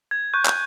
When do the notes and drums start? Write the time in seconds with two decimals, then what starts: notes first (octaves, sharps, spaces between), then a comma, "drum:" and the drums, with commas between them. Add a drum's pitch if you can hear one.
0.11 G#6
0.34 C#6 F#6 G6
0.45 drum: clap